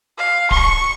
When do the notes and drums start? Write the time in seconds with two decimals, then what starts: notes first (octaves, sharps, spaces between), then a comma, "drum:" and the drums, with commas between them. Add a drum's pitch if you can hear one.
0.18 F5
0.51 C#6, drum: kick D1